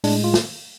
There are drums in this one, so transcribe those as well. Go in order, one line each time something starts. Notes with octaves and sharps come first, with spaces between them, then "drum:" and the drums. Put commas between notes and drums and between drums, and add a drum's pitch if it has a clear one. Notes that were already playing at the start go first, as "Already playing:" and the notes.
A2 G#3 D4, drum: open hi-hat
F4
drum: snare